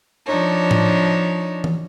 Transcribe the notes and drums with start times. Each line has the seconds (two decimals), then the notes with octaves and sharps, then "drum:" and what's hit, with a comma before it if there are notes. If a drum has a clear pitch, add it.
0.24 F3 D4 D#4 C#5
0.71 drum: tom A2
1.64 drum: tom